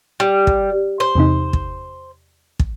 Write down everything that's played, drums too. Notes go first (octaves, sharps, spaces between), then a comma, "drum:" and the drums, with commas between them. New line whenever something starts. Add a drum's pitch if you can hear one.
G3
drum: kick
C5
E2 C3 D#4
drum: kick
drum: kick